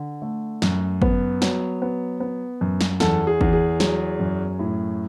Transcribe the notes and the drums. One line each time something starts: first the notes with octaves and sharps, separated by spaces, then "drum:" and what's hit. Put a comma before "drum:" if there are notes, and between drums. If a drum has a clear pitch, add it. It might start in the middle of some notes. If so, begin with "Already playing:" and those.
Already playing: D3
A3
F#2, drum: snare
B3, drum: kick
F#3, drum: snare
B3
B3
F#2
drum: snare
E2 A4, drum: snare
G#4
E2, drum: kick
G#4
F#3 G#4, drum: snare
F#2
A2